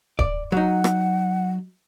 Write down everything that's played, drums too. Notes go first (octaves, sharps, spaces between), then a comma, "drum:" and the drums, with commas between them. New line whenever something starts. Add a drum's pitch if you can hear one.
D5, drum: kick D1
F#3 D#4 F#5
drum: rim click